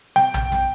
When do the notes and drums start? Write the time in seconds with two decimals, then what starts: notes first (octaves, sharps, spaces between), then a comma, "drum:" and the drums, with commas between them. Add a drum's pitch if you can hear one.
0.16 G5, drum: snare
0.34 drum: tom A#1
0.52 drum: snare